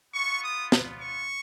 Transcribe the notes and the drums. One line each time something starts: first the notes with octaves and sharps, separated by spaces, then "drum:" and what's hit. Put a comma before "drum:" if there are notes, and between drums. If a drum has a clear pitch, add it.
B3 F4 C#6
D#6
drum: snare
C#6